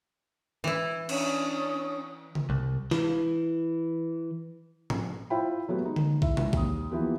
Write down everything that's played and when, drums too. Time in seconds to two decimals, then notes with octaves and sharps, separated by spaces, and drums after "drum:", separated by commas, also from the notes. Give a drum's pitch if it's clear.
0.64 E3 E4
1.09 C#4 D4 D#6, drum: cymbal
2.35 drum: tom C#3
2.50 C2
2.91 E3, drum: snare
4.90 drum: tom
5.30 E4 F4 C5 E5 G5 B5
5.69 F#3 A3 B3 G4
5.82 G#3 D#4
5.96 drum: tom D3
6.22 E4 E5, drum: kick B1
6.37 drum: tom
6.53 D#2 D#6, drum: kick B1
6.91 E3 F3 A#3 B3 G4